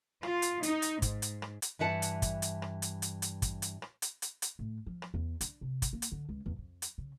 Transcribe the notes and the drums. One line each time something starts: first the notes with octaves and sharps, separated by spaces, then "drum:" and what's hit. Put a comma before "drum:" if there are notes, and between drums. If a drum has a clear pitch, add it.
F4, drum: rim click
drum: hi-hat
D#4, drum: hi-hat
drum: hi-hat
G#2, drum: kick, hi-hat
drum: hi-hat
drum: rim click
drum: hi-hat
G2 E3 E5 F#5 A5
drum: hi-hat
drum: kick, hi-hat
drum: hi-hat
drum: rim click
drum: hi-hat
drum: hi-hat
drum: hi-hat
drum: kick, hi-hat
drum: hi-hat
drum: rim click
drum: hi-hat
drum: hi-hat
drum: hi-hat
A2
F3
drum: rim click
E2
D4, drum: hi-hat
C3
drum: kick, hi-hat
A#3
drum: hi-hat
D3
C#2
E2
F2
drum: hi-hat
C#3